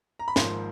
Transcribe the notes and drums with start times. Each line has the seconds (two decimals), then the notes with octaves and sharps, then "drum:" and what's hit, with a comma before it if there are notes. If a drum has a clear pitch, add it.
0.19 A#5
0.28 B5
0.36 G#1 G#2 F3 A#3 C6, drum: snare